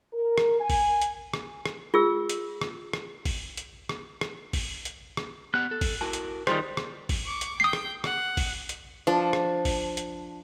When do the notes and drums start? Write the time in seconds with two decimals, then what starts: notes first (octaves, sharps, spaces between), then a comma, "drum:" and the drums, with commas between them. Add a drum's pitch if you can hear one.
0.13 A#4
0.38 drum: rim click
0.60 G#5
0.70 drum: kick A1, open hi-hat
1.02 drum: hi-hat
1.34 drum: rim click
1.66 drum: rim click
1.94 F4 G#4 E6
2.29 drum: hi-hat
2.61 drum: rim click
2.93 drum: rim click
3.25 drum: kick A1, open hi-hat
3.57 drum: hi-hat
3.89 drum: rim click
4.21 drum: rim click
4.53 drum: kick A1, open hi-hat
4.85 drum: hi-hat
5.17 drum: rim click
5.54 B3 G4 F#5 F#6
5.71 A4
5.81 drum: kick A1, open hi-hat
6.01 E4 F#4 A#4 A5
6.13 drum: hi-hat
6.47 D#3 G3 F4 G#4 C5 C6, drum: rim click
6.77 drum: rim click
7.09 drum: kick A1, open hi-hat
7.25 C#6 D6
7.41 drum: hi-hat
7.60 G5 D#6 C7
7.73 drum: rim click
8.04 F#5, drum: rim click
8.37 drum: kick A1, open hi-hat
8.69 drum: hi-hat
9.07 F3 D4
9.33 drum: rim click
9.65 drum: kick A1, open hi-hat
9.97 drum: hi-hat